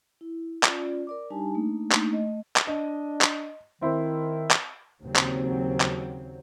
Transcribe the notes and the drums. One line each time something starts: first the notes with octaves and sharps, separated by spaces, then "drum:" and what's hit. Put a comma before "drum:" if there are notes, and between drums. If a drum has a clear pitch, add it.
E4
C#4 F4 D5, drum: clap
A#4 D5 D6
G3 D4 D#4 G4 G#5 A5
A3 A#3 D4 D#4
drum: clap
A3 D#5
drum: clap
D4 D#5
drum: clap
D#3 C4 E4 C5
drum: clap
D#2 C#3 F#3 C4
drum: clap
drum: clap